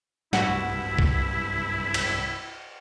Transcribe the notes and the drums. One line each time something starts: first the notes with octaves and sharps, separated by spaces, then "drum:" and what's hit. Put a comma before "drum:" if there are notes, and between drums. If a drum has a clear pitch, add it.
C2 G2 E4 F#4, drum: snare
drum: kick C2
drum: cymbal